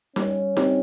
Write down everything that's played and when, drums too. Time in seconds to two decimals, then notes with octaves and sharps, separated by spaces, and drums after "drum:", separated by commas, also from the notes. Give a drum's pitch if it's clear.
0.16 G3 C#4, drum: snare D#4
0.57 C4 D#4 G4, drum: snare D#4